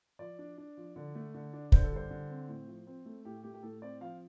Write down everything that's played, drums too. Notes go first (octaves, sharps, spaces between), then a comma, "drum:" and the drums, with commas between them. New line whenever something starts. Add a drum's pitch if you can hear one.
F3 D5
D4
D4
F3
D3
A3
D3
D4
D3 C5, drum: kick
A4
G3 C5
D3
C4
A2
F3
C4
A3
A2 G4
A3 G4
G4
A2 A4
C4 D5
F3 F5